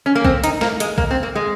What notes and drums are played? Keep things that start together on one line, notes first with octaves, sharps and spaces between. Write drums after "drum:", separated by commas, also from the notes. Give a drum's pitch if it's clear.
C#4
A#3
C4, drum: kick A#1
D#4, drum: hi-hat
A#3, drum: snare
G#3, drum: hi-hat
A#3, drum: kick A#1
C4
A#3
G#3